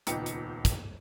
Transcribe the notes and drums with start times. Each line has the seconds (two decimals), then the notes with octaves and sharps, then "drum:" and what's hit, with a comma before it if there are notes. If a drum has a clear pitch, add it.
0.07 D#1 C#2 B3 D#4 G5 C#7, drum: hi-hat
0.26 drum: hi-hat
0.65 drum: kick, hi-hat